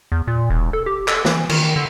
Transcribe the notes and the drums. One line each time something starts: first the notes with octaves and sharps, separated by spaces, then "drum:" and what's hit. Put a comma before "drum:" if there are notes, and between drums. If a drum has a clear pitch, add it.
E2
A#2
E1
A4
G4
A4, drum: clap
E3, drum: snare
D#3, drum: cymbal
D3